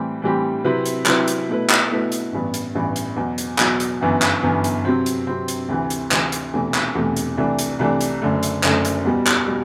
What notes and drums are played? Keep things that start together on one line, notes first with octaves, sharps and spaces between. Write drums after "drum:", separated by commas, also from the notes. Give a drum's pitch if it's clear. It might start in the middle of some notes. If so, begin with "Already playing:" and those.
Already playing: A2 E3 G3 C4 G4
A2 E3 G3 C4 G4
C3 F#3 C4 E4 B4
drum: hi-hat
C3 F#3 C4 E4 B4, drum: clap
drum: hi-hat
B2 A3 E4 B4
drum: clap
B2 A3 E4 B4
drum: hi-hat
A1 G2 E3 B3
drum: hi-hat
A1 G2 E3 B3
drum: hi-hat
E2 B2 F#3
drum: hi-hat
E2 B2 F#3, drum: clap
drum: hi-hat
G1 F#2 E3 B3
drum: clap
G1 F#2 E3 B3
drum: hi-hat
C3 F#3 C4
drum: hi-hat
C3 F#3 C4
drum: hi-hat
D2 C3 E3
drum: hi-hat
D2 C3 E3, drum: clap
drum: hi-hat
E1 E2 C3 E3 A3
drum: clap
E1 E2 C3 E3 A3
drum: hi-hat
C2 C3 E3 A3 D4
drum: hi-hat
C2 C3 E3 A3 D4
drum: hi-hat
F#1 F#2 D3 A3
drum: hi-hat
F#1 F#2 D3 A3, drum: clap
drum: hi-hat
E2 B2 G3
drum: clap
B2 G3